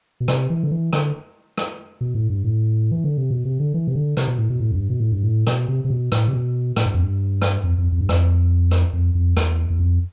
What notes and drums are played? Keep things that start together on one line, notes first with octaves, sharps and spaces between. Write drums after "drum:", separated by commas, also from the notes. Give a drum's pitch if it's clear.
B2
C3, drum: rim click
E3
D3
E3
D3, drum: rim click
drum: rim click
B2
A2
G2
A2
E3
D3
C3
B2
C3
D3
E3
C3
D3
C3, drum: rim click
B2
A2
B2
A2
F2
G2
B2
A2
G2
A2
B2, drum: rim click
C3
C3
B2
A2, drum: rim click
C3
B2
A2, drum: rim click
G2
F2
G2
drum: rim click
F2
F2
F2
G2
F2, drum: rim click
drum: rim click
F2
F2
E2, drum: rim click
E2
F2